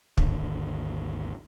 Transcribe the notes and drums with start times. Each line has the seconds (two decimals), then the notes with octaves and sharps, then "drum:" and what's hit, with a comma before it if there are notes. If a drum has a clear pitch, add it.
0.17 G#1 D#2 D3, drum: kick